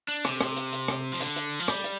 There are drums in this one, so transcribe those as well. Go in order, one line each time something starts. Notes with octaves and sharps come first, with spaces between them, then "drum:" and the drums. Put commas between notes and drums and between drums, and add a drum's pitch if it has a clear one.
D4
C3, drum: rim click
drum: rim click
drum: hi-hat
drum: hi-hat
drum: rim click
F3
D3, drum: hi-hat
drum: hi-hat
F3
G3, drum: rim click
drum: hi-hat